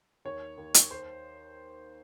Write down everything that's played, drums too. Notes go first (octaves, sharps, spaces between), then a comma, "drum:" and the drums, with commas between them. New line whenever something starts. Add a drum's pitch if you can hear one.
D#2 C#5
D#2
drum: hi-hat
C5